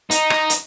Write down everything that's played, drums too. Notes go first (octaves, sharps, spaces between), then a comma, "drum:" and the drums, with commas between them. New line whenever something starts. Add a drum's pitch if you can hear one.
D#4, drum: hi-hat
drum: rim click
drum: hi-hat